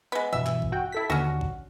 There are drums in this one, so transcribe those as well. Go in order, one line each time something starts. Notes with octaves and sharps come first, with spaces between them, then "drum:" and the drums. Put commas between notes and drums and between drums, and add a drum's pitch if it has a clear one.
G#3 B3
G2 B2 E3 E5
drum: clap
drum: kick
F#4 G5
E4 A4 B6
D#2 D3 C#4 F#4
drum: kick